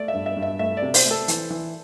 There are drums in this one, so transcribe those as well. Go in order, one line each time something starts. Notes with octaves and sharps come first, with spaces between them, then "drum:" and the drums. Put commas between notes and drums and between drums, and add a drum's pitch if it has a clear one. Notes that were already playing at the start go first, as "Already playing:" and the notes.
Already playing: A3 D5
E5
G2
E5
G2
E5
A3 E5
D5
C3
C5, drum: open hi-hat
A3
A4
E3, drum: hi-hat
E3